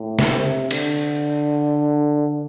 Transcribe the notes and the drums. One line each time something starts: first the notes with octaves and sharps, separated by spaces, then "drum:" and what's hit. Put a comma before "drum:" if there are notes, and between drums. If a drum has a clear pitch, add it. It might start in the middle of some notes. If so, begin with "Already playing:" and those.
Already playing: A2
drum: snare
C3
D3, drum: cymbal